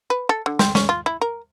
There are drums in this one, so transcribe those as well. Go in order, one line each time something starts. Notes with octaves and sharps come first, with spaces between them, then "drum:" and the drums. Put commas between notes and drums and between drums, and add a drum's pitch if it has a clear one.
B4
A4
D3
C4, drum: snare
C#4, drum: snare
F4
E4
A#4